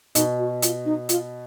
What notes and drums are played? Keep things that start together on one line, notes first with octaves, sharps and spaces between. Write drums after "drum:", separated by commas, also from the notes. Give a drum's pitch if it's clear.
B2 D#4, drum: hi-hat
F#4
F4, drum: hi-hat
D#4
F4, drum: hi-hat